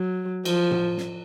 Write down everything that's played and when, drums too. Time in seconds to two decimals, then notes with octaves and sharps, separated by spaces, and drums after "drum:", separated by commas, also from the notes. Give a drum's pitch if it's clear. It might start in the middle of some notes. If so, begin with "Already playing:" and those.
Already playing: F#3
0.45 F3, drum: cymbal
0.71 drum: tom A2
0.98 drum: snare